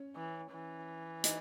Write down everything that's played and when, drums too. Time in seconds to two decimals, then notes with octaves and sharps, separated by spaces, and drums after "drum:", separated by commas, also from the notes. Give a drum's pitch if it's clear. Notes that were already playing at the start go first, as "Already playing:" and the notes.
Already playing: C#4
0.16 E3
0.52 E3
1.24 D#4, drum: hi-hat